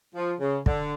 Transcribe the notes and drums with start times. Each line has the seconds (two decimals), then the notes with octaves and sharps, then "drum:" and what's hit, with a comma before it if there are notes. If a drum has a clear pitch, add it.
0.15 F3
0.40 C#3
0.66 D3, drum: kick